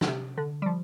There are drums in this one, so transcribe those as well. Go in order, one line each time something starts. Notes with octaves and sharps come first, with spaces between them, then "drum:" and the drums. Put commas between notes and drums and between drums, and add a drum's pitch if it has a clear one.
D3, drum: snare
C3
D3
G3
F3